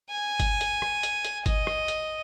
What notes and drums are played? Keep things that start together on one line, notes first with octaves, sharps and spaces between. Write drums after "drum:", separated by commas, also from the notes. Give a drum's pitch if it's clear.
G#5
drum: kick G1, hi-hat
drum: hi-hat
drum: rim click
drum: hi-hat
drum: hi-hat
D#5, drum: kick G1, hi-hat
drum: rim click
drum: hi-hat